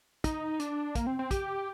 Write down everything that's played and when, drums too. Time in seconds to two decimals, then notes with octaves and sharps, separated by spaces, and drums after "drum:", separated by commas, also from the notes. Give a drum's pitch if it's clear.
0.24 D#4, drum: kick, hi-hat
0.60 D4, drum: hi-hat
0.95 A#3, drum: kick, hi-hat
1.07 C4
1.19 C4
1.31 G4, drum: kick, hi-hat